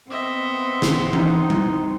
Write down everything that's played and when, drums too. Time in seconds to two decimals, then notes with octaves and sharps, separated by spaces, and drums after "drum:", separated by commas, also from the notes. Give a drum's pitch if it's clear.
0.10 B3 C4 D#5 E5
0.82 drum: snare
1.13 D#4, drum: tom E3
1.50 drum: tom G3